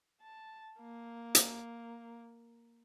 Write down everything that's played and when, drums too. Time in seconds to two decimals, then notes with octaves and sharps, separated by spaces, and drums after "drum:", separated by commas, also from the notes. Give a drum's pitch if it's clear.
0.21 A5
0.81 A#3
1.35 drum: hi-hat